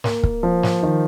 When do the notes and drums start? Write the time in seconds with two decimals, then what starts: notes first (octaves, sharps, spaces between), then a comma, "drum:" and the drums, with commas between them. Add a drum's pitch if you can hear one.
0.04 A#3, drum: snare
0.23 drum: kick
0.43 F3
0.63 drum: snare
0.83 D#3